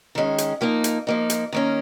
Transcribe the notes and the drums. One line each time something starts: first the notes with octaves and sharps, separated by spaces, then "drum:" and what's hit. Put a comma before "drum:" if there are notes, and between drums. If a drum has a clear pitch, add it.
D#3 G#3 C#4
drum: hi-hat
F3 A#3 D#4
drum: hi-hat
F3 A#3 D#4
drum: hi-hat
D#3 A#3 C#4